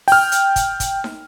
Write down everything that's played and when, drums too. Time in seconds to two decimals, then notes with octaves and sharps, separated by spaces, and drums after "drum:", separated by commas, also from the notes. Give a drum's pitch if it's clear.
0.08 G5 F6, drum: open hi-hat
0.32 drum: hi-hat
0.56 drum: kick, hi-hat
0.80 drum: kick, hi-hat
1.04 drum: snare D#4